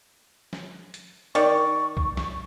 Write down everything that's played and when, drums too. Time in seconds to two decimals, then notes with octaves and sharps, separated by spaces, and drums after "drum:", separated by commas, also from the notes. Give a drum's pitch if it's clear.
0.53 drum: snare
0.94 drum: hi-hat
1.35 D#3 D5 C#6, drum: hi-hat
1.97 drum: kick C2
2.17 drum: snare